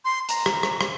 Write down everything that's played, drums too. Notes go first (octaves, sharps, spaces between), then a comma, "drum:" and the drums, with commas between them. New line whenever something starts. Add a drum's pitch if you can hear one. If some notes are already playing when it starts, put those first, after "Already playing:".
C6
A#5, drum: hi-hat
drum: rim click
drum: rim click
drum: rim click